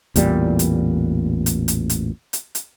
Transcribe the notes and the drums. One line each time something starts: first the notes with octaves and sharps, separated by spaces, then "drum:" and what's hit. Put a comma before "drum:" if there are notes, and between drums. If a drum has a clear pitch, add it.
A1 E2 A#2 G3, drum: hi-hat
drum: hi-hat
drum: hi-hat
drum: hi-hat
drum: hi-hat
drum: hi-hat
drum: hi-hat